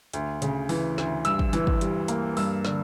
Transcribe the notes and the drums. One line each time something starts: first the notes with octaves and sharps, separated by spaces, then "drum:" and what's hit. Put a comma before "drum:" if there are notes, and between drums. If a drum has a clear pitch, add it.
D2, drum: hi-hat
C#3, drum: hi-hat
E3, drum: open hi-hat
D2, drum: snare
G2 E6, drum: hi-hat
drum: kick
E3, drum: hi-hat
drum: kick
G3, drum: hi-hat
A#3, drum: hi-hat
G2 E6, drum: open hi-hat
D3, drum: snare